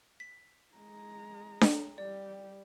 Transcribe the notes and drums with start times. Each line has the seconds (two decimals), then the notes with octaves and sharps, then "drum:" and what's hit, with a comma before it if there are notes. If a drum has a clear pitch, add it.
0.20 B6
0.75 G#3 A#5
1.61 drum: snare D4
1.98 G3 G4 D5